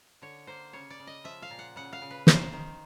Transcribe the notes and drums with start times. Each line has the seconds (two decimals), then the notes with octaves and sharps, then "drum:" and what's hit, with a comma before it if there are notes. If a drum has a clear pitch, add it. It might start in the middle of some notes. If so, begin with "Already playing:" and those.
0.22 D3 C#5
0.47 A#3 C5
0.73 C#3 C#5
0.90 D5
0.99 C#3
1.07 D#5
1.24 F3 E5
1.42 F5
1.50 A#2
1.59 F#5
1.76 C#3 F#5
1.93 F5
2.02 C#3
2.11 B4
2.27 D#3 C5, drum: snare
2.53 D#3